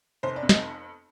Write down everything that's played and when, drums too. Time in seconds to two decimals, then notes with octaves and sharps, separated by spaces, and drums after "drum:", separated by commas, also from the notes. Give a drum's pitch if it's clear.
0.23 F1 C5
0.36 D5
0.42 F2
0.49 D#5, drum: snare